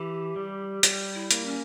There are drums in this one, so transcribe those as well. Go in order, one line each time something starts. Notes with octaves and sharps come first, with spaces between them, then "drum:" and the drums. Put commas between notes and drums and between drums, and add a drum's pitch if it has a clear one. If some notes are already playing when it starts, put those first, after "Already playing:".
Already playing: E3 G4
G3
G3, drum: hi-hat
E4
A#3, drum: hi-hat
C#4